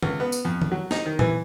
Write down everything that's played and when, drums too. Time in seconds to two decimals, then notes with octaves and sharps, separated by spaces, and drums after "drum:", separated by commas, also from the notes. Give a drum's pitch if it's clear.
0.03 C#2, drum: tom
0.20 B3
0.32 drum: tambourine
0.45 F2
0.62 drum: tom D#3
0.71 F#3
0.91 D#4, drum: snare
1.06 D#3
1.19 E3, drum: tom